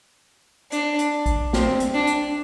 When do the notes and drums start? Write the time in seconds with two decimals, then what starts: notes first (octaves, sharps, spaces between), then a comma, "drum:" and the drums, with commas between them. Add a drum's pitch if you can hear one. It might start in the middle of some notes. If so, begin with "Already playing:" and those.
0.72 D4, drum: hi-hat
0.99 drum: hi-hat
1.26 drum: kick A#1, hi-hat
1.53 C4, drum: snare
1.80 drum: hi-hat
1.94 D4
2.07 drum: hi-hat